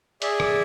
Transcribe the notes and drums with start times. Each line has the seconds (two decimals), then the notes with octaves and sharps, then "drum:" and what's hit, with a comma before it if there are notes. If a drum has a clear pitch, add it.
0.22 G#4 D5 E5, drum: hi-hat
0.40 drum: rim click